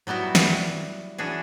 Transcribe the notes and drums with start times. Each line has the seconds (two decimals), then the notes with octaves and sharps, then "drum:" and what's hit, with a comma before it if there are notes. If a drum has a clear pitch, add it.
0.07 F#3 G3 B3 E4 F#4
0.35 drum: snare
1.18 E3 C#4 D4 F#4 G#4